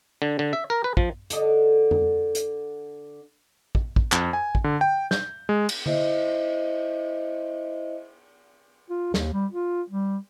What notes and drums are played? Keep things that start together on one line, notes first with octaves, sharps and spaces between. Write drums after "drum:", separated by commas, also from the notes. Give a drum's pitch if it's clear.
D3
D3
E5
A#4
B4
F3, drum: kick
D3 A4 D#5, drum: hi-hat
drum: tom F2
drum: hi-hat
drum: kick
drum: kick
F2, drum: clap
G#5
drum: kick
D3
G5
G6, drum: snare
G#3
drum: cymbal
E4 C5 D#5 E5, drum: tom D3
F4
D#2, drum: snare
G3
F4
G3